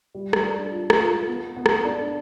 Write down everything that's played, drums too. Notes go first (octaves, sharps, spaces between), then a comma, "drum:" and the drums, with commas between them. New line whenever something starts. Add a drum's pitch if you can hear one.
G3
drum: rim click
D4
F4
drum: rim click
F4
B3
B3
drum: rim click
D4